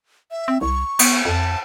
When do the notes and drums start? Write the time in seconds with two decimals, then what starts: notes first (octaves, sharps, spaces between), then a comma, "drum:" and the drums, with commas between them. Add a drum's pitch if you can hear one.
0.31 E5
0.48 C4
0.61 C2 C#6
0.99 B3, drum: cymbal
1.25 F2 A5